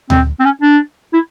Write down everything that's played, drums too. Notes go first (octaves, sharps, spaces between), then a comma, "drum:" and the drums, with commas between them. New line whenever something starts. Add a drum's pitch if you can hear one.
C4, drum: tom D2
C4
C#4
D4
E4